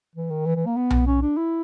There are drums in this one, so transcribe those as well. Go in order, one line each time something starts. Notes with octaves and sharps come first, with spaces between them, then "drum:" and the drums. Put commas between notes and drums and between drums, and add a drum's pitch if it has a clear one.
E3
D#3
E3
E3
A#3
B3
drum: tom B1
C#4
D4
E4